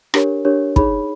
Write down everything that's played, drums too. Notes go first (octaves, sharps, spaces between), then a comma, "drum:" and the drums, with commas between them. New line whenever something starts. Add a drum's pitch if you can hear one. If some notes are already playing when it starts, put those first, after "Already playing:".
D4 G4 A#4 C#5, drum: rim click
D4 G4 A#4 C#5
D#4 G#4 C#5 B5, drum: kick